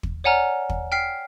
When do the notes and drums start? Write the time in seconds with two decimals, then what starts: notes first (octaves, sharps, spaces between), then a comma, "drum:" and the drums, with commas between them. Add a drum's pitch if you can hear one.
0.03 drum: kick
0.24 C#5 D5 F#5 G#5 A#5 F6
0.70 drum: kick
0.92 G5 F6 B6 C7